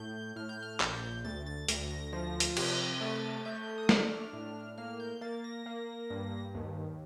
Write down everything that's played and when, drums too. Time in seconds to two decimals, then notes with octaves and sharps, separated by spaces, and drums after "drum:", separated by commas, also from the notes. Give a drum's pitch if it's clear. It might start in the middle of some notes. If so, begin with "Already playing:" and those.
Already playing: A2 G6
0.36 A2 F6
0.49 G6
0.63 F6
0.80 A#1 G6, drum: clap
1.25 D2 A6
1.46 A6
1.68 D2 A#6, drum: hi-hat
1.91 A#6
2.13 F3 A#6
2.40 drum: hi-hat
2.57 C3, drum: cymbal
3.01 A3 A6
3.45 A3 G6
3.78 D#6
3.89 D4 F6, drum: snare
4.33 A2
4.78 A#3 F6
5.00 G6
5.21 A#3 A6
5.44 A#6
5.66 A#3
6.10 G2
6.54 D#2